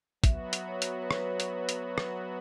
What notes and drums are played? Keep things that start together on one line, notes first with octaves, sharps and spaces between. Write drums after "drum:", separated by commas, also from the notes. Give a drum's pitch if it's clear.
F#3 B3 F#4 E5, drum: kick, hi-hat
drum: hi-hat
C#5
drum: hi-hat
B4
C#5, drum: rim click
drum: hi-hat
drum: hi-hat
drum: rim click